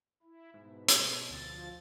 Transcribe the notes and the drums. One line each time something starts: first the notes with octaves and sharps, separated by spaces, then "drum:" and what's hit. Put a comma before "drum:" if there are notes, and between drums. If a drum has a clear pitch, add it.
E4
G#2 B2
drum: hi-hat
D2 F3 A6